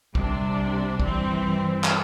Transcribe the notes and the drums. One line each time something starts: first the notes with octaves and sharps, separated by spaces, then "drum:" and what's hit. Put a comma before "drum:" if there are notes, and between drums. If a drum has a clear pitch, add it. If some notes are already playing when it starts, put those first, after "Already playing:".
C2 C3 G3 D4, drum: kick
G2 E3 G3 C4, drum: kick
drum: clap